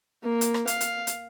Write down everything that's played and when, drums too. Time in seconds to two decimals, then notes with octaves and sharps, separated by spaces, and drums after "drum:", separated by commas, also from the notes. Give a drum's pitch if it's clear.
0.23 A#3
0.41 drum: hi-hat
0.54 drum: rim click
0.67 F5, drum: hi-hat
0.81 drum: hi-hat
1.07 drum: hi-hat